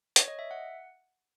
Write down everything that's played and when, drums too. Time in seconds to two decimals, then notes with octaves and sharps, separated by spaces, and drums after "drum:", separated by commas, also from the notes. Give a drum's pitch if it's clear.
0.16 C#5, drum: hi-hat
0.28 D#5
0.39 E5
0.51 F#5